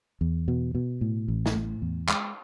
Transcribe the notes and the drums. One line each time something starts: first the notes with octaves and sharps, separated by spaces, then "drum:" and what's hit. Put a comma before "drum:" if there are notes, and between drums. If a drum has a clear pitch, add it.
E2
B2
B2
A2
A1
drum: snare
A2
E2
G#3, drum: clap